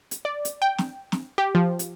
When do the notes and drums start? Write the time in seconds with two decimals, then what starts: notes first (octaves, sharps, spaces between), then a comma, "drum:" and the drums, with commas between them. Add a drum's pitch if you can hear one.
0.11 drum: hi-hat
0.25 D5
0.45 drum: hi-hat
0.62 G5
0.78 drum: snare
1.12 drum: snare
1.38 G4
1.55 F3
1.79 drum: hi-hat